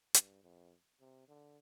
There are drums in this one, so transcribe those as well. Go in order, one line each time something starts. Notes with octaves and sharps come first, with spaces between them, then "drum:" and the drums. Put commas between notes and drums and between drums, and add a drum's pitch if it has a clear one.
G2, drum: hi-hat
F2
C3
D3